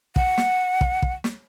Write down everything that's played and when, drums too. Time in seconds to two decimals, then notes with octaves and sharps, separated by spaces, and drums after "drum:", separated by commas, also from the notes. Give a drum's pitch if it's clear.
0.16 F#5, drum: kick
0.38 drum: snare
0.81 drum: kick
1.02 drum: kick
1.24 drum: snare